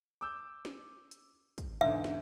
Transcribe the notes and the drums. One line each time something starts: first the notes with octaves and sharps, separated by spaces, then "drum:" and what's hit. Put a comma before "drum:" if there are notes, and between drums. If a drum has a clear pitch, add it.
D6 E6 G6
drum: snare
drum: hi-hat
drum: kick, hi-hat
E2 G#2 D3 E5
drum: snare